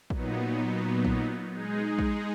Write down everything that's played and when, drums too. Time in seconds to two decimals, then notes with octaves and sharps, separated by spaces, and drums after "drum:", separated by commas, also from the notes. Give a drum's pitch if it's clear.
0.10 A#2 F#3 B3 D#4, drum: kick
1.05 drum: kick
1.52 G#3 D#4 G#4
1.99 drum: kick